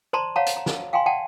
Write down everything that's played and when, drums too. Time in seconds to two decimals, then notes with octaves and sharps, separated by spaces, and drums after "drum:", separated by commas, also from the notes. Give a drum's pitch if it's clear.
0.13 C5 D5 A5 A#5 C6
0.36 C#5 F5 F#5 A5 A#5
0.46 drum: hi-hat
0.57 A#5
0.66 drum: snare
0.93 F5 G5 G#5 A#5 C6
1.06 D5 F#5 G5 A5